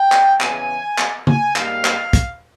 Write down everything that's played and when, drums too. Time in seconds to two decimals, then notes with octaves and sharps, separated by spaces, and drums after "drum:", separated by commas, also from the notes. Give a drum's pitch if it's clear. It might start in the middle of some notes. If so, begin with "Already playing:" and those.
Already playing: G5
0.12 drum: clap
0.40 E2 C#3 E3 G#5, drum: clap
0.98 drum: clap
1.27 G#5, drum: tom C#3
1.56 G#2 G3 A#3 F5, drum: clap
1.85 drum: clap
2.13 drum: kick, hi-hat